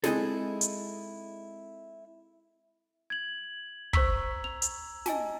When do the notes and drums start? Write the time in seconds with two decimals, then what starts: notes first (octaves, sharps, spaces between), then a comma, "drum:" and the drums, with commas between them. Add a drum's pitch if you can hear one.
0.04 G#3 C4 D#4 E4 G#4 A4, drum: snare
0.61 drum: hi-hat
3.10 G#6 F#7
3.93 C5 A#5 C#6 E6 B6, drum: kick
4.44 F7
4.62 drum: hi-hat
5.06 D#5 G#5 A5, drum: snare